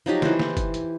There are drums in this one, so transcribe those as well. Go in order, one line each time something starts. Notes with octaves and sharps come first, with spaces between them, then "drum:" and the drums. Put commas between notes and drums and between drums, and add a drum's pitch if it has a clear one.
F3 F#3 D#4 G4
E3 C5, drum: snare
drum: snare
drum: kick F#1, hi-hat
drum: hi-hat